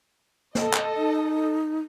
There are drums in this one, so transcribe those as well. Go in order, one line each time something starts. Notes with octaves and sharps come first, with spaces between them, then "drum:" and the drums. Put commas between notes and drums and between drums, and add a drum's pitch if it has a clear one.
A4 D#5, drum: snare
drum: clap
D#4